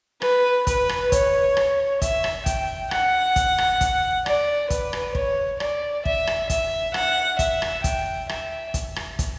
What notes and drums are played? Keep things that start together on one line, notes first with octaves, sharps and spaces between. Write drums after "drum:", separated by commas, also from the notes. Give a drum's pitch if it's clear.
B4, drum: rim click
B4, drum: kick, hi-hat
drum: rim click
C#5, drum: kick, hi-hat
drum: rim click
E5, drum: kick, hi-hat
drum: rim click
G5, drum: kick, hi-hat
F#5, drum: rim click
drum: kick, hi-hat
drum: rim click
drum: kick, hi-hat
D5, drum: rim click
B4, drum: kick, hi-hat
drum: rim click
C#5, drum: kick
D5, drum: rim click
E5, drum: kick
drum: rim click
E5, drum: kick, hi-hat
F#5, drum: rim click
E5, drum: kick, hi-hat
drum: rim click
G5, drum: kick, hi-hat
E5, drum: rim click
drum: kick, hi-hat
drum: rim click
drum: kick, hi-hat